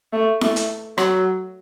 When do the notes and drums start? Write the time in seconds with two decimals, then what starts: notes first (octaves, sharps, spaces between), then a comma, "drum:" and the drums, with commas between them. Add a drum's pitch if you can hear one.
0.13 A3
0.41 A3, drum: snare E4
0.56 drum: hi-hat
0.98 F#3, drum: rim click